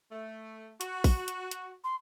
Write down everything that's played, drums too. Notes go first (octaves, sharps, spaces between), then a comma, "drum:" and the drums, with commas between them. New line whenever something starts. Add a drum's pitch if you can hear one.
A3
F#4, drum: hi-hat
drum: kick, open hi-hat
drum: hi-hat
drum: hi-hat
C6